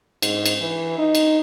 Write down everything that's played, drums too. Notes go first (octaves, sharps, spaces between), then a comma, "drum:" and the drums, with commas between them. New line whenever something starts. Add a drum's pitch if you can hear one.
G#2, drum: cymbal
drum: cymbal
E3
D#4
drum: cymbal